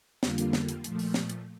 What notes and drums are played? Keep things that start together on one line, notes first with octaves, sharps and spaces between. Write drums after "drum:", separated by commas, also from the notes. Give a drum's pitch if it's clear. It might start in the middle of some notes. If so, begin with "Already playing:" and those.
F2 D3 G3 A#3 F4, drum: snare
drum: hi-hat
drum: snare
drum: hi-hat
A#2 F3 A3, drum: hi-hat
drum: open hi-hat
drum: snare
drum: hi-hat